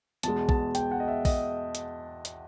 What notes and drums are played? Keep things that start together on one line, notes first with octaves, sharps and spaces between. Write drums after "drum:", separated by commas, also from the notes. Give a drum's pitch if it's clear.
E2 B2 G#3 A5, drum: hi-hat
A5, drum: kick A#1
G5, drum: hi-hat
F#5
D#5
E5
D#5, drum: kick A#1, open hi-hat
drum: hi-hat
drum: hi-hat